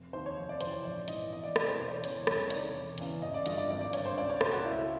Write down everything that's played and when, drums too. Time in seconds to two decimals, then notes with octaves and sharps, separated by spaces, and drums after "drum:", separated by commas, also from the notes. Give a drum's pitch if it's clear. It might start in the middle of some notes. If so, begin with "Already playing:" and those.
Already playing: F1
0.13 D#2 D#3 C5
0.26 C#5
0.37 F1
0.49 D5
0.61 F2 C#3 E3 C5, drum: hi-hat
0.73 C#5
0.85 A#1 D5
1.08 G#2 E3 D#5, drum: hi-hat
1.32 E2 D#5
1.43 D5
1.56 C3 E3 D5, drum: rim click
1.68 C5
1.80 E1 C5
1.88 D5
1.91 C#5
2.04 E2 C#3 C#5, drum: hi-hat
2.27 C2 C#5, drum: rim click
2.50 C3 D#3 D5, drum: hi-hat
2.75 E1
2.98 E2 C#3 E3, drum: hi-hat
3.22 A1 D#5
3.34 D5
3.46 G2 D3 F3 D#5, drum: hi-hat
3.58 D5
3.70 G#1 D5
3.81 D5
3.93 G2 D3 C#5, drum: hi-hat
4.06 C5
4.17 C#2 D5
4.30 C#5
4.41 B2 C5, drum: rim click
4.53 F#4
4.64 C#2 E4